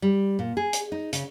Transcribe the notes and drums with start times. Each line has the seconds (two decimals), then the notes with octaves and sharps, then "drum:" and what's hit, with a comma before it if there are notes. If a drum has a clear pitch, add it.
0.02 G3
0.39 A#2
0.57 G#4
0.73 drum: hi-hat
0.92 D#4
1.13 C#3, drum: hi-hat